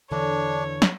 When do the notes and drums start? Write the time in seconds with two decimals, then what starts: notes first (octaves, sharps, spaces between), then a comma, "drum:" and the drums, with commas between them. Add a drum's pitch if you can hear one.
0.11 E2 D3 E3 D4 A4 C#5
0.82 drum: snare